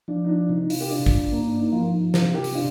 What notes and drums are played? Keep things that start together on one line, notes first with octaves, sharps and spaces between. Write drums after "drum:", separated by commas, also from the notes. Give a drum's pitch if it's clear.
F3 D4
D#4
D4
C3 D#4
D#4
F4, drum: open hi-hat
G4
D4 F4
drum: kick
A#3
D4
D#4
F3 F4
D#4
C3 F4, drum: snare
G4
drum: open hi-hat
D4 F4